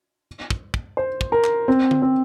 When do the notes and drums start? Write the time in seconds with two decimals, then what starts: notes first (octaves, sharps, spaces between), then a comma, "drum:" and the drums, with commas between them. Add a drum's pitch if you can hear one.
0.50 drum: kick
0.74 drum: kick
0.97 C5
1.21 drum: kick
1.32 A#4
1.44 drum: clap
1.68 C4
1.91 drum: tom D3
2.02 C4